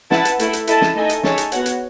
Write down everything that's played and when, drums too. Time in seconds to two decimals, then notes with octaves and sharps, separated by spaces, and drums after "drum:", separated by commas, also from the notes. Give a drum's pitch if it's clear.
0.11 E4 B4 F#5 A5, drum: snare
0.25 drum: hi-hat
0.39 A3 E4 A4, drum: hi-hat
0.53 drum: hi-hat
0.67 E4 A4 D#5 A5, drum: hi-hat
0.81 drum: snare
0.95 A3 D#4 A4 D#5 G#5
1.09 drum: hi-hat
1.23 D#4 G#4 C#5 E5 A5, drum: snare
1.38 drum: hi-hat
1.52 B3 F#4 C#5 F#5, drum: hi-hat
1.66 drum: hi-hat